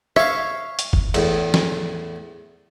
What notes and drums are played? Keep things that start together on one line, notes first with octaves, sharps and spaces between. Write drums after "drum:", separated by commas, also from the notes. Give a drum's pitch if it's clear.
C#5 E5 F5, drum: rim click
drum: hi-hat
drum: kick
E2 A2, drum: cymbal
drum: snare